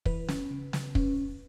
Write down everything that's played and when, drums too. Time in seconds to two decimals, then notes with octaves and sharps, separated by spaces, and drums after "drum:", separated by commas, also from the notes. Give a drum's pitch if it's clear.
0.05 E3 B4, drum: kick
0.28 C#4, drum: snare
0.51 C#3
0.73 C#3, drum: snare
0.95 C#4, drum: kick